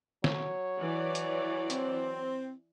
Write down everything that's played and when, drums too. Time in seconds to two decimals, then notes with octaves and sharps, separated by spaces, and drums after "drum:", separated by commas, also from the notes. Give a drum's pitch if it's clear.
0.24 F#3 C#5, drum: snare
0.79 E3 D5
1.15 drum: hi-hat
1.70 C4, drum: hi-hat